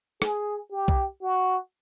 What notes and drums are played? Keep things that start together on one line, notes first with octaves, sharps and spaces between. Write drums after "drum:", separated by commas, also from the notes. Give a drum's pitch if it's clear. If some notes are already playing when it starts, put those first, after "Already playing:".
G#4, drum: rim click
G4
drum: kick B1
F#4